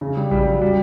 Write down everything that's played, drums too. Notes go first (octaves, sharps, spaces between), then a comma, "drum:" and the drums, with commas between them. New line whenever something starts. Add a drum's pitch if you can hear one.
C#3
G3
G3, drum: kick A1
F#3
G3